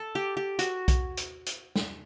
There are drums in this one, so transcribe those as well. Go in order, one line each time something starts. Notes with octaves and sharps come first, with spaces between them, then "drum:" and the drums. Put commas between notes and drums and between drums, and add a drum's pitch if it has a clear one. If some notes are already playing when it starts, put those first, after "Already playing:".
Already playing: A4
G4
G4
F#4, drum: hi-hat
drum: kick B1, hi-hat
drum: hi-hat
drum: hi-hat
drum: snare